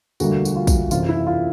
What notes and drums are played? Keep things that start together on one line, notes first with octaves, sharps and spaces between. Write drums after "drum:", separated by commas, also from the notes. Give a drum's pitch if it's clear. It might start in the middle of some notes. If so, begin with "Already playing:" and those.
E1 D2 D3 G3 A#3 F#4, drum: tambourine
F#4, drum: tambourine
F4
drum: kick, tambourine
F#1 E2 C3 F4, drum: tambourine
E4
F4